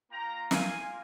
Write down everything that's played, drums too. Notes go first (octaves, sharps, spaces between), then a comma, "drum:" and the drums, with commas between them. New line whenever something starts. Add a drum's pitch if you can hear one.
A#3 F4 G5 A#5
F5 G#5, drum: snare